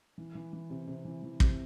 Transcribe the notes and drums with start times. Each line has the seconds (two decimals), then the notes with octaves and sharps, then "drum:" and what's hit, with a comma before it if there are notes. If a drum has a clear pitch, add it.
0.18 E3
0.35 E3
0.53 E3
0.70 C3
0.87 C3
1.05 E3
1.23 E3
1.40 C3, drum: kick